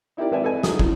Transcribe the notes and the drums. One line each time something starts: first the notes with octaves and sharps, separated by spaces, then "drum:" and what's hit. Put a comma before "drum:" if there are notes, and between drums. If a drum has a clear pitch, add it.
D#4 E4 G4 A#4 D5
G#1 B4 D5 E5 G#5
A4 B4 D#5 G#5
F2 C#3 F#3 G#4 A4 D#6, drum: snare
A2, drum: kick